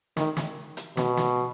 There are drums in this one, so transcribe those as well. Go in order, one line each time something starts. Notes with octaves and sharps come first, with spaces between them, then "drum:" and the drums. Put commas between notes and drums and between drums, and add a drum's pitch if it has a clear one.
D#3, drum: snare
drum: snare
drum: hi-hat
B2, drum: snare
drum: snare